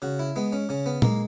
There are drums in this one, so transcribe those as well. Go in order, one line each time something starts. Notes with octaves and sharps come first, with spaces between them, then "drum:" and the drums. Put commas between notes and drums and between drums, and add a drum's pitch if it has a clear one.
C#3 F#4
E4
G#3 B3
C#4
C#3 C#4
B3
G#3 A#3, drum: tom A#2